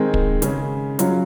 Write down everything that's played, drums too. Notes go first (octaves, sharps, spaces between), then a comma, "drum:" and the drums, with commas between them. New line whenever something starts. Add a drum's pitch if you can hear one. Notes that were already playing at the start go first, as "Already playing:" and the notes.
Already playing: D#3 G#3 C4 D#4
drum: kick
C#3 G#3 C#4, drum: hi-hat
F#3 C#4 F4, drum: hi-hat